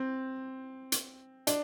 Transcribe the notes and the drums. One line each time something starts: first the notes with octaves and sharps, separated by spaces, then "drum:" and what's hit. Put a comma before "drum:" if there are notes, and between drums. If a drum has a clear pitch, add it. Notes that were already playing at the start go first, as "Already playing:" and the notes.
Already playing: C4
drum: hi-hat
D4, drum: hi-hat